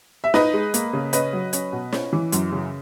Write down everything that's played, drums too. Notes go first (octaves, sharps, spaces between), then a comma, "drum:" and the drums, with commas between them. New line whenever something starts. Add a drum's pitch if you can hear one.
E5
D#4 B4 D#5, drum: snare
G#3
A#3, drum: hi-hat
C#3
C#4 B4 D#5, drum: hi-hat
F#3
C#4, drum: hi-hat
B2
C#4, drum: snare
E3
F#2, drum: hi-hat
C#3